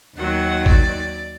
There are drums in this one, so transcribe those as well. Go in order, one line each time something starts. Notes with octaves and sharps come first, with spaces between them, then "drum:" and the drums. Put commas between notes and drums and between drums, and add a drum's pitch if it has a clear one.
D#2 D#3 F#3 F#5
D5, drum: kick